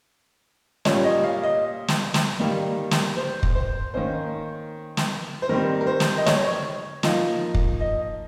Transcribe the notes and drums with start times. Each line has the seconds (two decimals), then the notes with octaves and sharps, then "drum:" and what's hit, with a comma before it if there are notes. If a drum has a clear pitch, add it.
0.85 A#2 G3 A#3 C#4 C#5, drum: snare
1.04 D#5
1.24 F5
1.43 D#5
1.88 drum: snare
2.14 drum: snare
2.40 D#3 G3 A#3
2.91 drum: snare
3.17 C5
3.43 drum: kick
3.55 C5
3.94 D#3 A#3 C#4 C5
4.97 drum: snare
5.42 C5
5.49 D#3 G3 C4 A#4
5.81 A#4
5.87 C5
6.00 drum: snare
6.17 D#5
6.26 C#5, drum: snare
7.03 F3 A#3 D#4, drum: snare
7.54 drum: kick
7.80 D#5